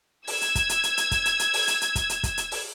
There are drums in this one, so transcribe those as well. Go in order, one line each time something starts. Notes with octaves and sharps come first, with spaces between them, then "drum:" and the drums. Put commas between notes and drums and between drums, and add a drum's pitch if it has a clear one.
E6 G#6, drum: open hi-hat
drum: hi-hat
drum: kick, hi-hat
drum: hi-hat
drum: hi-hat
drum: hi-hat
drum: kick, hi-hat
drum: hi-hat
drum: hi-hat
drum: open hi-hat
drum: hi-hat
drum: hi-hat
drum: kick, hi-hat
drum: hi-hat
drum: kick, hi-hat
drum: hi-hat
drum: open hi-hat